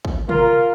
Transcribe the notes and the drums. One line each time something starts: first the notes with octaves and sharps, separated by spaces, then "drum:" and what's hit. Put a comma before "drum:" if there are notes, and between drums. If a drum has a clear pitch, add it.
drum: kick
F4 A#4, drum: tom